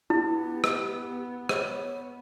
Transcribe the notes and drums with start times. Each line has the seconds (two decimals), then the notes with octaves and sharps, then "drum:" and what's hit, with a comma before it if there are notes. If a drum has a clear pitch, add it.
0.10 B3 E4 G4
0.64 drum: rim click
1.49 C#5, drum: rim click